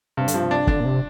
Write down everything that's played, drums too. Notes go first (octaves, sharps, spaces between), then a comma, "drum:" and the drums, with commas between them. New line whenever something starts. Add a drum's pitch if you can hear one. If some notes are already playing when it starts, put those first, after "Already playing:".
G2 C3
D3, drum: hi-hat
C3 F3
C3 D4
D3 D4, drum: kick
A#2
C3